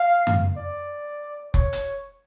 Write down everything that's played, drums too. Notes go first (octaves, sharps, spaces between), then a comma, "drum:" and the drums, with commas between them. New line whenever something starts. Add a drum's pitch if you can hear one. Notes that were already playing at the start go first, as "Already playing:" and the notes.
Already playing: F5
drum: tom F#2
D5
C#5, drum: kick F1
drum: hi-hat